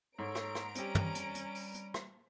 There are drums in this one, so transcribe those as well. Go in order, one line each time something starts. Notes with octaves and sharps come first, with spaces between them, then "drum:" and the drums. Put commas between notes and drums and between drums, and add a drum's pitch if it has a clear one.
G#2 A4 C#5 A#5 D7
drum: rim click
drum: rim click
G3 C4 C#4 G4, drum: hi-hat
drum: tom
drum: hi-hat
drum: hi-hat
drum: open hi-hat
drum: hi-hat
drum: rim click